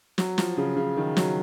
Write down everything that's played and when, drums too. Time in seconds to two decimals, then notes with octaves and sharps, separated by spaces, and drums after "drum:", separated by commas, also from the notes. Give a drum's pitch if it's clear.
0.18 F#3, drum: snare
0.38 F3, drum: snare
0.57 C#3
0.76 C#3
0.97 D#3
1.17 F#3, drum: snare